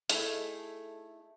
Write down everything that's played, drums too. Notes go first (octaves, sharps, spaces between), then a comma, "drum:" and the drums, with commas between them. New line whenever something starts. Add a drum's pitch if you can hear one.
A3 D#4 E4 G#4 A4, drum: hi-hat